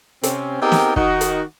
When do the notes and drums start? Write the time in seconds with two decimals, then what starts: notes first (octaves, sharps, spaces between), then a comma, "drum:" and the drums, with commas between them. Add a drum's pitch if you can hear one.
0.23 C3 C4 C#4, drum: hi-hat
0.62 B3 C4 D#4 G4 G#4 A#4
0.72 drum: snare
0.96 D#3 D#4 F#4, drum: kick
1.21 drum: hi-hat